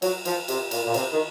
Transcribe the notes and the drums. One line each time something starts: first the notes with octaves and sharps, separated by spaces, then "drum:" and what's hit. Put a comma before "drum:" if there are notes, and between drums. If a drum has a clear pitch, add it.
F#3, drum: cymbal
F3, drum: cymbal
C3, drum: cymbal
A#2, drum: cymbal
A#2
C3, drum: cymbal
D#3